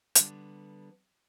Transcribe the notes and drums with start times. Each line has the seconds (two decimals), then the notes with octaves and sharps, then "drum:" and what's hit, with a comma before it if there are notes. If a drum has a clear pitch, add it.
0.15 D3 G3 B3, drum: hi-hat